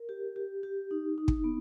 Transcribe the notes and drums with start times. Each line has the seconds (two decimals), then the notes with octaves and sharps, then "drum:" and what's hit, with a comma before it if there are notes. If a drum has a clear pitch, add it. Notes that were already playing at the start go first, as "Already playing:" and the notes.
Already playing: A#4
0.09 G4
0.36 G4
0.63 G4
0.91 D#4
1.18 D#4
1.28 drum: kick
1.44 B3